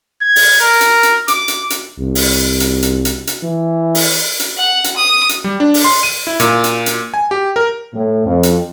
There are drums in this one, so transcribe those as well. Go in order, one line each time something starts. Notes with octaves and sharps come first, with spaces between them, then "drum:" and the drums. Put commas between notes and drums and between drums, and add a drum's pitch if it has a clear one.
G#6
drum: open hi-hat
A#4
drum: hi-hat
drum: hi-hat
D6, drum: hi-hat
drum: hi-hat
drum: hi-hat
C2
drum: open hi-hat
drum: hi-hat
drum: hi-hat
drum: hi-hat
drum: hi-hat
E3
drum: open hi-hat
drum: hi-hat
F#5
drum: hi-hat
D#6
drum: hi-hat
G3
D4
drum: open hi-hat
C6
D#7
E4
A#2, drum: hi-hat
drum: hi-hat
drum: hi-hat
G#5
G4
A#4
A2
F2
drum: hi-hat